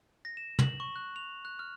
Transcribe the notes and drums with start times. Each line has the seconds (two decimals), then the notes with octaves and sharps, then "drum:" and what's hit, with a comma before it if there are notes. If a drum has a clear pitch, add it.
0.25 A#6
0.37 E7
0.59 F#7, drum: tom
0.80 C#6
0.96 F#6
1.16 F7
1.45 F#6
1.59 F6